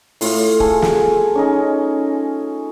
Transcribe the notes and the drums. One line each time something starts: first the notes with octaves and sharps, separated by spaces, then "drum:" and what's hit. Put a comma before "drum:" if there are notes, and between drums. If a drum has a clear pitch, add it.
A2 F4 C#5, drum: open hi-hat
G#4 A4 G#5, drum: kick
drum: snare
C#4 D#4 D#5